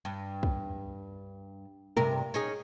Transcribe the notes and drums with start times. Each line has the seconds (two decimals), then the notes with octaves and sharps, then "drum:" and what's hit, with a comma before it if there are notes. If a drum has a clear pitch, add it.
0.05 G2
0.43 drum: kick
1.97 G2 C3 A#4, drum: tom
2.34 C#4 D#4 G#4, drum: tambourine